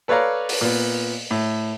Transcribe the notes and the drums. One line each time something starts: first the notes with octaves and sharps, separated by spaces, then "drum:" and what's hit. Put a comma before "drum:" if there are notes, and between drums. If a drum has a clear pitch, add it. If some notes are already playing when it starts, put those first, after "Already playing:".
A4 B4 C#5 D5 F5 A#5
drum: open hi-hat
A#2 B3
A2